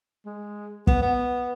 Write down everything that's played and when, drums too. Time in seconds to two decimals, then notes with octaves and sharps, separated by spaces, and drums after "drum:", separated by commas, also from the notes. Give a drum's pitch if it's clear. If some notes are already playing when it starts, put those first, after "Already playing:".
0.26 G#3
0.87 B3, drum: kick
1.02 B3